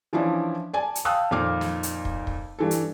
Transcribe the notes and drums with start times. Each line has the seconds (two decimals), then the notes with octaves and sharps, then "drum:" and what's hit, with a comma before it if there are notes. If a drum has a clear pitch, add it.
0.13 E3 F3 C#4 D4 E4
0.73 D5 G#5 A5
0.95 drum: hi-hat
1.05 F5 G5 A5 D#6 E6 F#6
1.31 F2 A#2 D#3 F5 D6 F6
1.61 drum: snare
1.83 drum: hi-hat
2.05 drum: kick
2.27 drum: kick
2.59 G2 E3 A4
2.71 drum: hi-hat